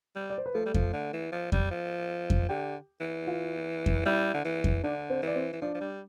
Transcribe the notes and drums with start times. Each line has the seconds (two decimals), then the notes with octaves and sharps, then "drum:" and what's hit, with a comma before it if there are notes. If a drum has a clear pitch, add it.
0.16 G3
0.30 D5
0.38 C5
0.46 B4
0.54 F3 A3 A4
0.66 G3
0.74 F3, drum: kick F2
0.93 D3
1.13 E3
1.32 F3
1.52 G3, drum: kick F2
1.71 F3
2.30 drum: kick F2
2.49 D3 G4 G5
3.01 E3
3.27 F4 F5
3.86 drum: kick F2
4.05 G3 E4 E5
4.34 D3
4.45 E3
4.64 drum: kick F2
4.84 D3 D4 D5
5.10 C4 C5
5.22 E3
5.28 D5
5.35 C4 C5
5.53 E3
5.62 F3 D4 D5
5.74 F3
5.81 G3